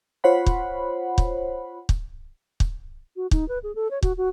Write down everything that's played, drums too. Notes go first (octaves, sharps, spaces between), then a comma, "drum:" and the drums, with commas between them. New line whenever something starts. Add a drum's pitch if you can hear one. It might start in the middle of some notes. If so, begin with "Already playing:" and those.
F4 C5 C#5 F#5 B5
drum: kick
drum: kick
drum: kick
drum: kick
F#4
D#4, drum: kick
B4
G#4
A4
C#5
F#4, drum: kick
F#4